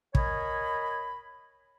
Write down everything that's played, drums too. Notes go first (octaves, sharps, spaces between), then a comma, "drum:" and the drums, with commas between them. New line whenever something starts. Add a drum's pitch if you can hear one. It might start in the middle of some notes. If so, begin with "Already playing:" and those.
A#4 C#5 D#5 G#5 B5, drum: kick